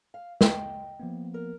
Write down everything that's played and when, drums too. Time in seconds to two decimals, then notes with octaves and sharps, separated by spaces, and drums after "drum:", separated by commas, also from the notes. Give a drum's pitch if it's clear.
0.14 F5
0.41 D#5 G5, drum: snare
1.00 F3 A#3 B3
1.34 A#4